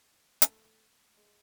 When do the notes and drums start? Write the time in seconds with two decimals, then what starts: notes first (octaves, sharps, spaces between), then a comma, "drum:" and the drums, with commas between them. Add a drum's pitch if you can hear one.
0.42 A3, drum: hi-hat
1.17 G#3